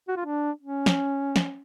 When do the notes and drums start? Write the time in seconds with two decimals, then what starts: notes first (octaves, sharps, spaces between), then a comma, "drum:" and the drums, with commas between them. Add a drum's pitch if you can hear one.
0.08 F#4
0.16 F4
0.25 D4
0.61 C#4
0.86 drum: snare
1.36 drum: snare